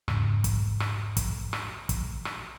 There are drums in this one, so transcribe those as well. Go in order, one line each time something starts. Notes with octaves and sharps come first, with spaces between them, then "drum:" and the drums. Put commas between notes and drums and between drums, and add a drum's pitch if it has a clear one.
E2 G#2 C#3, drum: rim click
drum: kick, hi-hat
drum: rim click
drum: kick, hi-hat
drum: rim click
drum: kick, hi-hat
drum: rim click